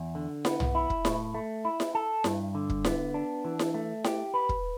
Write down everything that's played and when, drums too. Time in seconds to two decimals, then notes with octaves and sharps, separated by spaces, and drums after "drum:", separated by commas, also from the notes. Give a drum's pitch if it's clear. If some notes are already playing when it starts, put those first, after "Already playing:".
Already playing: E2
0.15 D3
0.45 B3, drum: snare E4
0.60 drum: tom
0.75 E4
0.90 drum: kick
1.05 A2, drum: snare E4
1.34 A3
1.65 E4
1.80 drum: snare E4
1.95 A4
2.24 G2, drum: snare E4
2.55 D3
2.70 drum: kick
2.85 B3, drum: snare E4
3.14 D4
3.45 E3
3.59 drum: snare E4
3.74 A3
4.04 G4, drum: snare E4
4.34 B4
4.49 drum: kick